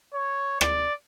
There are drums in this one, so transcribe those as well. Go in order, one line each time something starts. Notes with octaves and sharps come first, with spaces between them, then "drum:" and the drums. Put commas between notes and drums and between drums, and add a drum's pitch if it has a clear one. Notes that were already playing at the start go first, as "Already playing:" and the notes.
C#5
D5, drum: rim click